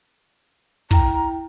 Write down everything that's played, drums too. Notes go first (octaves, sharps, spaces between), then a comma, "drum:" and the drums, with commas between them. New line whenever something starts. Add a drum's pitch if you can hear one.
E4 G5 A#5, drum: kick